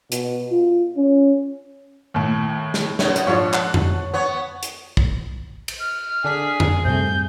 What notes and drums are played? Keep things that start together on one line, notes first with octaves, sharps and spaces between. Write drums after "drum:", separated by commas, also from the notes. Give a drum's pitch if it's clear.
B2, drum: hi-hat
F4
C#4
D#2 A2
drum: snare
F#2 B2 D#4 C#5, drum: snare
drum: hi-hat
G#2 F3 D4 C#5
F#5 A5 F#6, drum: clap
drum: tom F2
B3 C#5
drum: hi-hat
drum: kick
drum: cymbal
F6
D3 D4 G#4 B6
drum: tom F2
F#2 A2 C3 G3 A3 G6